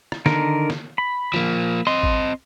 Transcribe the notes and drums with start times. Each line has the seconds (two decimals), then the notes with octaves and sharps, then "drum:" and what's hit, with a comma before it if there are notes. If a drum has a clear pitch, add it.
0.12 drum: rim click
0.26 D3 D#3 A#4, drum: snare
0.70 drum: snare
0.98 B5
1.34 F3 A#3, drum: tom D3
1.87 C4 D#5 C6
2.03 drum: kick G#1